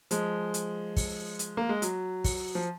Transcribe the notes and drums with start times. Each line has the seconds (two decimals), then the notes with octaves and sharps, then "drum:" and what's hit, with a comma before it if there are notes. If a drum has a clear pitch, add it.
0.11 F3 G#3, drum: hi-hat
0.54 drum: hi-hat
0.97 drum: kick, open hi-hat
1.39 drum: hi-hat
1.57 A#3
1.69 G#3
1.82 F#3, drum: hi-hat
2.24 drum: kick, open hi-hat
2.55 F3